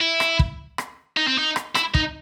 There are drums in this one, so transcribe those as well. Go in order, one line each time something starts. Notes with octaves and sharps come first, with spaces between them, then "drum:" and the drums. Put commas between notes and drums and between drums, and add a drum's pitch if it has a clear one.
E4
drum: rim click
drum: kick
drum: rim click
D#4
C4
D#4
drum: rim click
E4, drum: rim click
D#4, drum: kick